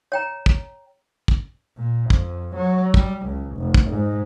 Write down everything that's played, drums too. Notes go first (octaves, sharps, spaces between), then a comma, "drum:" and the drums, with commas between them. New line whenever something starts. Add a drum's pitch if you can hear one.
C#5 G5 A#5
drum: kick
drum: kick
A#2
F2, drum: kick
F#3
G3, drum: kick
C#2
F1
drum: kick
G#2